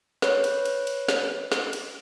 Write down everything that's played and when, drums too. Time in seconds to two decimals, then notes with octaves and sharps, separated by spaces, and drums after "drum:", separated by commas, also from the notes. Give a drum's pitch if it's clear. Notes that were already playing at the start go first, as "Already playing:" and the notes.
0.22 B4 C#5 F#6, drum: snare
0.44 drum: cymbal
0.65 drum: cymbal
0.87 drum: cymbal
1.09 drum: snare
1.52 drum: snare
1.73 drum: cymbal